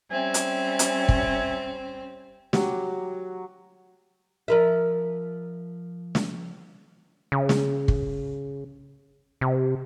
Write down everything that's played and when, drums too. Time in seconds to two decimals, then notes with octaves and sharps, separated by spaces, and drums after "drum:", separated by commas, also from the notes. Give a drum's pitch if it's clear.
0.11 G3 C4 C#4 E5 G#5
0.34 drum: hi-hat
0.79 drum: hi-hat
1.08 drum: kick
2.53 F#3 G4, drum: snare
4.48 F3 A#4 E5
6.15 drum: snare
7.32 C#3
7.49 drum: snare
7.88 drum: kick
9.41 C3